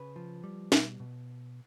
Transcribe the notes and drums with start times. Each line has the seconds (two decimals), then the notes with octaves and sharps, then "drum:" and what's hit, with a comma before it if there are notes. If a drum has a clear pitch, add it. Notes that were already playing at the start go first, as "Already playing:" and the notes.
Already playing: C#3 B4
0.16 F3
0.44 G3
0.72 B2, drum: snare
1.00 B2